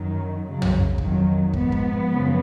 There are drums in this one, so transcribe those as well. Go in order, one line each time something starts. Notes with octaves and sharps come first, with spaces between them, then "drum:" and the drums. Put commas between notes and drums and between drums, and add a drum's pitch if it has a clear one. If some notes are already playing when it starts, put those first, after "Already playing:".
Already playing: F#2 D#3 F#3
F#2 C#3 F#3
drum: tom
F2 D#3 F#3, drum: kick
G#2 F3 B3, drum: kick
drum: kick
F#2 C#3 F3